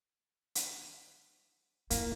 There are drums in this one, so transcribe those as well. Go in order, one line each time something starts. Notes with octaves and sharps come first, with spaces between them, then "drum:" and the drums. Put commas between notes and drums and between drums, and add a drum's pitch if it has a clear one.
drum: hi-hat
A#3 E4 F4, drum: hi-hat